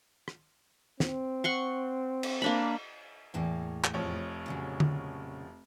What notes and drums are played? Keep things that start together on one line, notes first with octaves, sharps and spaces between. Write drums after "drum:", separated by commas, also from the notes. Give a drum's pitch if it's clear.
drum: rim click
C4, drum: snare
F#5 C6 C#6
drum: cymbal
A#3 D4 B5
E2 A2 A#3
drum: clap
F1 F3 C#5
A#2 C#3 F#3
drum: tom D3